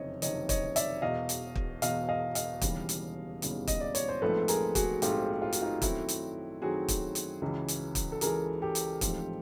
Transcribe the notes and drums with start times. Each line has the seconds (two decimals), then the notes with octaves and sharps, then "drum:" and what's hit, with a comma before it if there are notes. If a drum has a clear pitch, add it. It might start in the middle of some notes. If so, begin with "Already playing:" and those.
Already playing: F#1 F2 C3 D#3 C#5 D#5
0.22 F#1 F2 C3 D#3 C#5 D#5, drum: hi-hat
0.49 C#5 D#5, drum: kick, hi-hat
0.76 D5 E5, drum: hi-hat
1.02 E1 E2 B2 D#5 F5
1.29 drum: hi-hat
1.55 drum: kick
1.82 E1 E2 B2 D#5 F5, drum: hi-hat
2.09 D#5 F5
2.35 D#5 F5, drum: hi-hat
2.61 E1 D#2 C#3 E3 G3, drum: kick, hi-hat
2.89 drum: hi-hat
3.42 E1 D#2 C#3 E3 G3, drum: hi-hat
3.67 D#5, drum: kick, hi-hat
3.80 D5
3.95 C#5, drum: hi-hat
4.09 C5
4.22 A#1 G#2 F3 A3 C4 A4 B4
4.48 G#4 A#4, drum: hi-hat
4.75 F#4 G#4, drum: kick, hi-hat
5.02 A#1 G#2 F3 A3 C4 F4 G4, drum: hi-hat
5.42 F4
5.53 F#4, drum: hi-hat
5.62 D#4 F4
5.82 F#2 D#3 F#3 A3 C4 E4 F#4, drum: kick, hi-hat
6.08 drum: hi-hat
6.62 F#2 D#3 F#3 A3 C4 F#4 G#4
6.88 drum: kick, hi-hat
7.15 drum: hi-hat
7.42 C#2 C#3 E3
7.68 drum: hi-hat
7.95 drum: kick, hi-hat
8.12 A4
8.21 C#2 C#3 E3 G#4 A#4, drum: hi-hat
8.62 G4 A4
8.75 drum: hi-hat
9.01 A1 G#2 F3 A3 C4, drum: kick, hi-hat